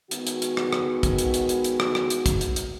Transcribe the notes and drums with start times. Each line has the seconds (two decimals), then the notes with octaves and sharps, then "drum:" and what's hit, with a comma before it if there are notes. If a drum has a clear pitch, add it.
0.11 D#3 G#3 B3 F#4, drum: hi-hat
0.27 drum: hi-hat
0.42 drum: hi-hat
0.57 drum: rim click
0.73 drum: rim click
1.03 drum: kick, hi-hat
1.18 drum: hi-hat
1.34 drum: hi-hat
1.49 drum: hi-hat
1.64 drum: hi-hat
1.80 drum: rim click
1.95 drum: rim click
2.10 drum: hi-hat
2.26 drum: kick, hi-hat
2.41 drum: hi-hat
2.56 drum: hi-hat